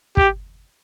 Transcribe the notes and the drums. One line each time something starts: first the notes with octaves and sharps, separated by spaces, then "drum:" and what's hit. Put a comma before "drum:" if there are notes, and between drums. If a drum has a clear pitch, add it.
G4, drum: kick